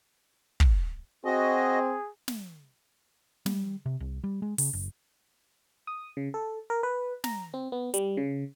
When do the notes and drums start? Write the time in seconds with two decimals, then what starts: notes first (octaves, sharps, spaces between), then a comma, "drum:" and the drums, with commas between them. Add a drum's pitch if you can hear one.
0.60 drum: kick
1.25 C4 F#4 G#4 D#5
2.28 drum: snare
3.46 G3, drum: snare
3.86 C3
4.00 C2
4.24 G3
4.42 G#3
4.58 C#3, drum: open hi-hat
4.73 F#1
5.87 D#6
6.17 C#3
6.34 A4
6.70 A#4
6.83 B4
7.24 A#5, drum: snare
7.54 C4
7.72 B3
7.94 G3, drum: hi-hat
8.17 C#3